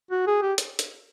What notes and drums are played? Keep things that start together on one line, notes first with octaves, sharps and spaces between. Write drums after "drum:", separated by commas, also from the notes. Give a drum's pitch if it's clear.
F#4
G#4
G4
drum: hi-hat
drum: hi-hat